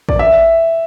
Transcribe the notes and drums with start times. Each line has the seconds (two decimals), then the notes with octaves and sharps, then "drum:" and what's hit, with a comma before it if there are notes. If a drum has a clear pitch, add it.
0.09 D5, drum: kick A1
0.19 E5